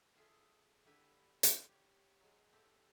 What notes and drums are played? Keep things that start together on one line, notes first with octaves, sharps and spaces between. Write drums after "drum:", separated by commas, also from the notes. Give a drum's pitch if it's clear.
F4 G#4 A4 E5
D3 E4 G4 B4 E5 G#5
drum: hi-hat
G4 C#5
F#3 G#3
A2 C4 G4 A4